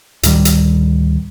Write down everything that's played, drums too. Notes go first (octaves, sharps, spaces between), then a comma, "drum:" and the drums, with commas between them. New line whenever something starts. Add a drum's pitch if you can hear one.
D2 A2 D#3 G3, drum: hi-hat
drum: hi-hat